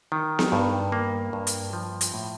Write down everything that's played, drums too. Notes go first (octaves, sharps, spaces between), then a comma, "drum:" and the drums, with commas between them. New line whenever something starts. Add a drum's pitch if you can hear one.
D#3
drum: snare B3
G2
A#3
G2
drum: hi-hat
F3
drum: hi-hat
A2